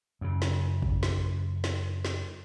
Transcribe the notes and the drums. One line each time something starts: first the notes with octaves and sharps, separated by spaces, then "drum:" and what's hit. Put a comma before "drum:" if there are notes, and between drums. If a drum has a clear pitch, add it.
F#2 C#3
drum: snare
drum: kick
drum: snare
drum: snare
drum: snare